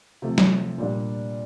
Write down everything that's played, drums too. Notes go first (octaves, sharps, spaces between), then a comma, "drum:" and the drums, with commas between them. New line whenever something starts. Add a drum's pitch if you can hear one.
C3 F3 A3
drum: snare
A#2 G3 D4